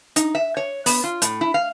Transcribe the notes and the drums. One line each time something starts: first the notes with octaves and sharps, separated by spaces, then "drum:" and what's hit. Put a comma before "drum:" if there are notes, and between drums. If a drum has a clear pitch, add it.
D#4, drum: hi-hat
E5
C#5
B3, drum: open hi-hat
F4
A2, drum: hi-hat
E4
F5